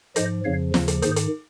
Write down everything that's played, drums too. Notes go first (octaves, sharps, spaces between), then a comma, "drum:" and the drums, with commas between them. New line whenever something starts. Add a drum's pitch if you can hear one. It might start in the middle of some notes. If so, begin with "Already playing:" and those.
G#2 F3 C5 D#5, drum: hi-hat
F2 C#3 F3 C#5 F5
D#2 C#3 F3, drum: snare
drum: hi-hat
G#2 D#3 G#4 C5, drum: hi-hat
drum: hi-hat